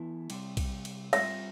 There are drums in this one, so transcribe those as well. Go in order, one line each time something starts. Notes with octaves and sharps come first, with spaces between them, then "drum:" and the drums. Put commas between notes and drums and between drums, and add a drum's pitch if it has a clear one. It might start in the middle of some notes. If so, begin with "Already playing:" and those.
Already playing: E3 B3 E4 A4
C3 G3 C4, drum: cymbal
drum: kick, cymbal
drum: cymbal
G3 C4 F4 C5 E5, drum: cymbal